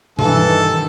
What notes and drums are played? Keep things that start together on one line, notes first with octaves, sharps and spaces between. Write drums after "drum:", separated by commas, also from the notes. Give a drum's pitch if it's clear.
G2 D#3 E3 A4, drum: tom B2